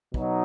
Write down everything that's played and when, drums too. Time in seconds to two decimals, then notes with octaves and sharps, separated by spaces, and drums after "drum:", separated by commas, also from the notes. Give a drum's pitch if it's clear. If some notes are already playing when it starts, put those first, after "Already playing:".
0.14 B2 F#3 D#4, drum: kick